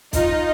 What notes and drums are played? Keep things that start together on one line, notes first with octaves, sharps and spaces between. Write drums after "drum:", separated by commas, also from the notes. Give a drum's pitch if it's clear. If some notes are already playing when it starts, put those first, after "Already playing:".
D#4 F4, drum: kick, hi-hat